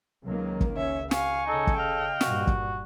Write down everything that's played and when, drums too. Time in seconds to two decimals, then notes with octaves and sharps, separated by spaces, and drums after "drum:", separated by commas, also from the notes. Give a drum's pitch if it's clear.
0.23 C#2 D#3 F#3 A#3
0.61 drum: kick
0.77 C#2 C#4 C#5 E5
1.11 F5 G#5 C#6, drum: snare
1.49 C#3 D#4 A4
1.67 drum: kick
1.77 D#5 F5 G5 F6
2.21 G2 A#2 F#4, drum: snare
2.47 drum: kick